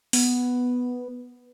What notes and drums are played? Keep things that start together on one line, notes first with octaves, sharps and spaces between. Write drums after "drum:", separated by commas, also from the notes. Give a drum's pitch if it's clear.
B3, drum: open hi-hat